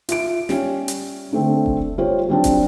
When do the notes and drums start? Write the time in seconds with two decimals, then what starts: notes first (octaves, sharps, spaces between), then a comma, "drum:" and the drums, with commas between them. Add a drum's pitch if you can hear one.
0.09 F4 E5 D7, drum: hi-hat
0.49 G3 C#4, drum: snare
0.88 drum: hi-hat
1.33 D3 A3 C4
1.66 drum: kick F1
1.98 G3 F4 C5 C#5
2.28 F#3 G3 C4 D4
2.44 drum: kick F1, hi-hat